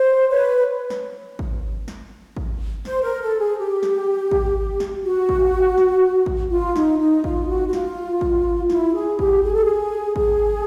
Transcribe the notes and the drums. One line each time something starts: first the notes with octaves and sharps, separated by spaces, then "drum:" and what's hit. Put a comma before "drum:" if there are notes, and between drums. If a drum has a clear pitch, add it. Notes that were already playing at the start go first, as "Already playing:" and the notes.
Already playing: C5
B4 C#5
drum: snare
drum: kick
drum: snare
drum: kick
C5, drum: snare
A#4
A4
G#4
G4
drum: snare
drum: kick
drum: snare
F#4
drum: kick
drum: snare
drum: kick
F4
D#4, drum: snare
D#4
F4, drum: kick
F#4
F#4
F4, drum: snare
drum: kick
E4, drum: snare
G#4
G4, drum: kick
G#4
A4
G#4
G#4, drum: kick